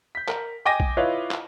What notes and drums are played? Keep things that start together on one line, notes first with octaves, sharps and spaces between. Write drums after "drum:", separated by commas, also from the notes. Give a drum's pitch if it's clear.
G6 B6
A#4, drum: clap
D#5 G5 G#5 D6 A#6 D#7
drum: kick A#1
E4 F4 B4 C#5 D#5 F5
drum: clap